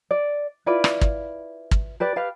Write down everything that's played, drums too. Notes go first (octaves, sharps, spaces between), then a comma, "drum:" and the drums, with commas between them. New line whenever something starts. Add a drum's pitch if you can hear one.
D5
E4 F4 B4 D5
drum: rim click
drum: kick
drum: kick
G4 B4 D5
G4 B4 F5